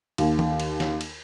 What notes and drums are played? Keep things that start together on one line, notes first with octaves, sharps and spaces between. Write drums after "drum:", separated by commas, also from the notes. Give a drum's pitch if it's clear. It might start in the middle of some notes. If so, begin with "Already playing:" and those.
D#2, drum: cymbal
drum: tom D#3
drum: cymbal
drum: snare
drum: cymbal